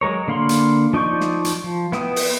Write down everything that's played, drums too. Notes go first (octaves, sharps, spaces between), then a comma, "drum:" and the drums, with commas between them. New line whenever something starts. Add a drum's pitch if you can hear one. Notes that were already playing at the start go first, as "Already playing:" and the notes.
F#3 G#3 A#4 C#5
D3 A#3 F5 B5 C6
drum: hi-hat
F3 D#4 D5 C#6 G6
drum: snare
drum: hi-hat
F3
B3 E4 G5 D#6, drum: snare
drum: open hi-hat